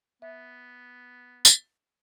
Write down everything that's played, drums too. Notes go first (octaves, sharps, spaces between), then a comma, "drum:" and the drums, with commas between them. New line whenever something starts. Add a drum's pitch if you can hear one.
B3 E5
drum: tambourine